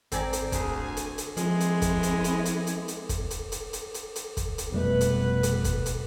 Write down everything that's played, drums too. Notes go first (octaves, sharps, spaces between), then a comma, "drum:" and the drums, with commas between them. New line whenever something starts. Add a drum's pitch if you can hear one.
G#1 C4 D5 G#5 A#5, drum: hi-hat
drum: hi-hat
D2 G#4, drum: kick, hi-hat
G#5
drum: hi-hat
drum: hi-hat
F3 G#3 C4 E4, drum: hi-hat
drum: hi-hat
drum: kick, hi-hat
drum: hi-hat
drum: hi-hat
drum: hi-hat
drum: hi-hat
drum: hi-hat
drum: kick, hi-hat
drum: hi-hat
drum: hi-hat
drum: hi-hat
drum: hi-hat
drum: hi-hat
drum: kick, hi-hat
drum: hi-hat
F1 B2 G3 A3 B4
drum: hi-hat
drum: hi-hat
drum: kick, hi-hat
drum: hi-hat